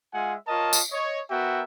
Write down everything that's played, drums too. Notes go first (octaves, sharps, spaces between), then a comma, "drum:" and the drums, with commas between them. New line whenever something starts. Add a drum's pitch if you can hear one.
G#3 F4 E5 F#5 G#5
F4 A#4 C#5 D#5 A5
drum: tambourine
C#5 D#5
B3 F#4 A#4 E5 G5